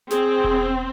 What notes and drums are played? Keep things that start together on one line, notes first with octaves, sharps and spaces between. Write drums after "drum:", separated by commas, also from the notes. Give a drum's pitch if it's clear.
C4 G#4, drum: snare
drum: kick E1